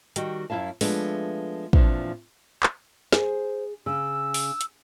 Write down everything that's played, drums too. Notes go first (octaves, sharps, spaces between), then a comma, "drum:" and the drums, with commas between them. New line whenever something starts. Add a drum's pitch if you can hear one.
D#3 G3 F#4 G5, drum: hi-hat
F#2 E3 E4 F5 A5
F3 G#3 A3 B3 D4, drum: open hi-hat
E2 A#2 F3 C4 D4, drum: kick
drum: clap
G#4 C5, drum: snare
C#3 E6
drum: open hi-hat
drum: hi-hat